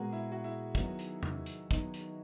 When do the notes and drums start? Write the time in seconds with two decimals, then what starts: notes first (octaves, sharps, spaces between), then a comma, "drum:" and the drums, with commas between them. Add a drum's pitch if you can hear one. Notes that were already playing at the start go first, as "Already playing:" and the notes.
Already playing: A#2 G#3 B3 F#4 G#4 A#4
0.12 E4
0.32 F#4
0.44 E4
0.75 D#3 F#3 B3 D#4, drum: kick, hi-hat
0.99 drum: hi-hat
1.23 drum: tom E2
1.46 drum: hi-hat
1.71 D#3 F#3 B3 D#4, drum: kick, hi-hat
1.94 drum: hi-hat